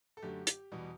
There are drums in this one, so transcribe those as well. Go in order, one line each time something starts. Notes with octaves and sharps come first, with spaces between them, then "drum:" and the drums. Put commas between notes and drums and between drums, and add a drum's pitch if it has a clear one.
A4
F#2 D3 A3 G4
drum: hi-hat
E2 B2 G3